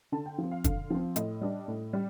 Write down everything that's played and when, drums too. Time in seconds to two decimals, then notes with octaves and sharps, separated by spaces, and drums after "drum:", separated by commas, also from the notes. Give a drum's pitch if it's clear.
0.12 D3 A5
0.26 G5
0.38 F3 C4
0.51 F5
0.64 D3, drum: kick, hi-hat
0.90 F3 C4
1.16 A2 D#5, drum: hi-hat
1.41 G3 D4
1.68 A2
1.93 G3